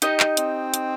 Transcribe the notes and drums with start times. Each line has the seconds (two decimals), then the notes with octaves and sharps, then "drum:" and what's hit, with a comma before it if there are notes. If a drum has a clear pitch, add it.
0.02 D#4 G4 D#5, drum: hi-hat
0.20 drum: clap
0.37 C4, drum: hi-hat
0.74 drum: hi-hat